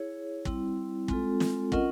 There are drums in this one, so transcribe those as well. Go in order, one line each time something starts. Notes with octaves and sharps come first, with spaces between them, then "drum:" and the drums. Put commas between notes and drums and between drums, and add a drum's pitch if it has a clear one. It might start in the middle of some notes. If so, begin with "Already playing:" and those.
Already playing: E4 G#4 C#5
G3 C4 E4, drum: kick
G#3 C4 F4 A4, drum: kick
drum: snare
C#4 F4 A#4 D#5 F#5, drum: kick